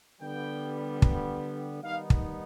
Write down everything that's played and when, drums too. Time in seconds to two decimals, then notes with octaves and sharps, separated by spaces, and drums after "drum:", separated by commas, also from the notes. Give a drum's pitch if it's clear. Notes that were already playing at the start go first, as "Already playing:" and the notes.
0.21 D3 G3 B3 G5
1.02 drum: kick
1.83 D#3 G3 B3 D#4 F5
2.10 drum: kick